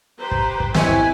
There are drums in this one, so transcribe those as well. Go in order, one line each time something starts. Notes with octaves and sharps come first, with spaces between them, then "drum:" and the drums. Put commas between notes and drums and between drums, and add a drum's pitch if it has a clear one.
G4 B4 C5 A#5
drum: kick
drum: kick
C4 E4 G4 B4 C#5 D#5 E5 G#5, drum: snare
drum: kick